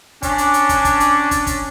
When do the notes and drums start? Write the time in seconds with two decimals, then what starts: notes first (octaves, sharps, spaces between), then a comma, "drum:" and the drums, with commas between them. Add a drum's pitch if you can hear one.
0.23 C#4 D4, drum: kick, hi-hat
0.38 drum: hi-hat
0.54 drum: hi-hat
0.69 drum: kick, hi-hat
0.85 drum: kick, hi-hat
1.00 drum: hi-hat
1.31 drum: kick, hi-hat
1.47 drum: kick, hi-hat